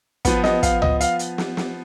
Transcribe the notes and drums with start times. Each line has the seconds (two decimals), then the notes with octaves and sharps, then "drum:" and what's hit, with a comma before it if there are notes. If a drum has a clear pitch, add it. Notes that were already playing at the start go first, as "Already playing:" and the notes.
0.25 F3 B3 B4, drum: kick, hi-hat
0.44 D#5, drum: snare
0.63 F5, drum: kick, hi-hat
0.82 D#5, drum: tom C#2
1.01 F5, drum: hi-hat
1.19 drum: hi-hat
1.38 drum: snare
1.57 drum: snare